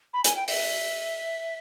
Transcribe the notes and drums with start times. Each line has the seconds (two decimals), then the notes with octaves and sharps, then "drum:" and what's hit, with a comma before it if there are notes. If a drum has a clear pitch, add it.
0.13 B5
0.24 G#5, drum: hi-hat
0.36 G5
0.48 E5, drum: open hi-hat